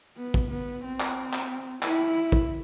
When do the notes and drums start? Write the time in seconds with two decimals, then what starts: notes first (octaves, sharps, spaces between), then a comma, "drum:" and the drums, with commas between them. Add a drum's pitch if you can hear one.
0.17 B3
0.34 drum: kick
0.51 B3
0.84 C4
1.00 drum: clap
1.33 drum: clap
1.83 E4, drum: clap
2.32 drum: kick